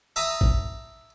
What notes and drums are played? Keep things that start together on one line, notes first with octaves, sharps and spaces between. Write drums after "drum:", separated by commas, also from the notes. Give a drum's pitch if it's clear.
E5 A5 A#5 D#6
drum: kick